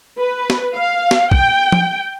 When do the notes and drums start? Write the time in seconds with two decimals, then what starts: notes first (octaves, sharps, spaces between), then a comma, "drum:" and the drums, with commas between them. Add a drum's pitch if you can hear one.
0.19 B4
0.50 drum: snare
0.75 F5
1.11 drum: snare
1.32 G5, drum: kick
1.72 drum: tom F3